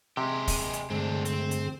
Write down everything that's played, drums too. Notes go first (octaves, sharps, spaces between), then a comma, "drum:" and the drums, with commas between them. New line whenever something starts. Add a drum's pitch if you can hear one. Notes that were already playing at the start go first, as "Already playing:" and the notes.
C3 G#3 G4
drum: kick, open hi-hat
drum: hi-hat
G2 D3 G#3 A3 C4 D4 G#4
C4, drum: hi-hat
drum: hi-hat